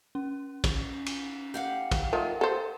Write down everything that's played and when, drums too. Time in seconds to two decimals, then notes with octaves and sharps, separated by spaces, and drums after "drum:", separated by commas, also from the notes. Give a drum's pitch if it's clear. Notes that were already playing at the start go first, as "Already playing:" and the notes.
0.15 C#4
0.64 drum: kick, cymbal
1.06 drum: cymbal
1.54 G4 F5 F#5
1.91 drum: kick, cymbal
2.13 F3 A3 D#4 A#4
2.41 A4 C5